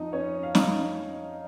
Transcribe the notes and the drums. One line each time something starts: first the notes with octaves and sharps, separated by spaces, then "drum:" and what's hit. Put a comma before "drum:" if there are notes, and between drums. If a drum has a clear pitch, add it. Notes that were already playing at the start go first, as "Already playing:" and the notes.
Already playing: F2 F3 D#4 D#5
C#4 C#5
F5
D#4 D#5, drum: snare